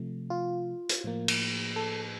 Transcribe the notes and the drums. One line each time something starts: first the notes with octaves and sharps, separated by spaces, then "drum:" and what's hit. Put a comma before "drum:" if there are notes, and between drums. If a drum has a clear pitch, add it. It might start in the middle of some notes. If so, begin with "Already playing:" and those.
Already playing: C3 F3 A3
F4
drum: hi-hat
A2 F3 A#3
drum: cymbal
A4